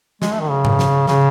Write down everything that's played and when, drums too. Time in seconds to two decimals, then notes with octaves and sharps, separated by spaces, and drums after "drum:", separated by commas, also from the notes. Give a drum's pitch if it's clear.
0.22 G#3, drum: snare
0.32 A3
0.40 D#3
0.50 C#3
0.65 drum: tom G#2
0.79 drum: snare
1.07 C#3, drum: snare